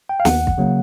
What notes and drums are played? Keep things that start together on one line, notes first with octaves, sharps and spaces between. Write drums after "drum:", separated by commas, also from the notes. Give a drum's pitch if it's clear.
G5
F5
D#2 F#5, drum: snare
drum: kick
C#3 F#3 A#3